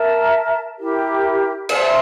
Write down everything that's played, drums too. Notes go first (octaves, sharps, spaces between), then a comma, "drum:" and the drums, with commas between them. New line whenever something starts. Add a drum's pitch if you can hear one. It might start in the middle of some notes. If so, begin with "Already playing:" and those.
Already playing: A#4 E5 A5
E4 G4 A#4
C5 E5 A5 C6, drum: cymbal